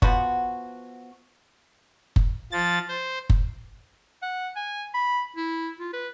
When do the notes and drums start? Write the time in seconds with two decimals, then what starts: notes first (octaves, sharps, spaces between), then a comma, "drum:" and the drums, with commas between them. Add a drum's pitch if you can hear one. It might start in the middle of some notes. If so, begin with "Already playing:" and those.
0.02 F3 B3 F#4, drum: kick F#1
2.16 drum: kick F#1
2.52 F3 A6
2.88 C5
3.30 drum: kick F#1
4.22 F#5
4.56 G#5
4.94 B5
5.36 E4
5.79 F4
5.93 B4